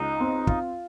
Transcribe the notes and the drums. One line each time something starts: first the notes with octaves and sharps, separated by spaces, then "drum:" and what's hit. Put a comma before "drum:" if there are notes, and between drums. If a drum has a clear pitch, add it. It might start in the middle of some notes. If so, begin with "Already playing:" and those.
Already playing: C#2 D#4
C4
F4, drum: kick